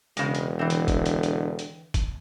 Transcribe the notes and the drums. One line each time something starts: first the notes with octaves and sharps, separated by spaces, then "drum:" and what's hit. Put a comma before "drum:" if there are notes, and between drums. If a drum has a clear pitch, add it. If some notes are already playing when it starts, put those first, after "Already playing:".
E1 C#3 G#3, drum: hi-hat
drum: hi-hat
D3 E3 C4
drum: hi-hat
drum: kick, hi-hat
drum: hi-hat
drum: hi-hat
drum: hi-hat
drum: kick, hi-hat